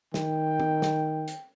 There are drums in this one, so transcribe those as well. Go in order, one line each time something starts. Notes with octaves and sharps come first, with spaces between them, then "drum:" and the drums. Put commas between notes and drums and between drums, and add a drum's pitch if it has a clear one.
D#3 G5, drum: snare
drum: tom
drum: snare
drum: hi-hat